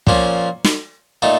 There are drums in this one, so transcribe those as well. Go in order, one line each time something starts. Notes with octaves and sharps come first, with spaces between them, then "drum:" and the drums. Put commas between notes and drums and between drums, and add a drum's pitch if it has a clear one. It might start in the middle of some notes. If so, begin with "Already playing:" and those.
A#2 F3 A#3 C#4, drum: kick
drum: snare
A#2 A3 D#4